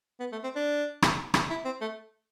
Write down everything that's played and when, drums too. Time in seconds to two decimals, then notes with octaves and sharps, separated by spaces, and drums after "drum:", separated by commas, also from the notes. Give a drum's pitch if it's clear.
0.20 B3
0.32 A3
0.44 C4
0.55 D4
1.02 drum: rim click
1.34 drum: rim click
1.50 E4
1.65 C4
1.81 A3